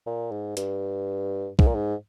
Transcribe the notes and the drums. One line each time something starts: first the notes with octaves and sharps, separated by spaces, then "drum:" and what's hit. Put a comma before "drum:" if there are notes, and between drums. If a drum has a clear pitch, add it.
A#2
G#2
G2, drum: hi-hat
G#2, drum: kick
A#2
G#2